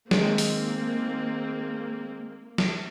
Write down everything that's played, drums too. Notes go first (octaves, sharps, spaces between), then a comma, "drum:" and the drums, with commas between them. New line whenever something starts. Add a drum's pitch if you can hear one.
D#3 G#3 A#3 C4, drum: snare
drum: open hi-hat
drum: snare